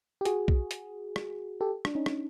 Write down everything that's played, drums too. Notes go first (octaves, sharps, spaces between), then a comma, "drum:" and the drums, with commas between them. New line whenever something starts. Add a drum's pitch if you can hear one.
G4
F#4 G#4, drum: hi-hat
drum: kick B1
drum: hi-hat
drum: rim click
G4 A4
D4, drum: rim click
C#4 D#4
drum: rim click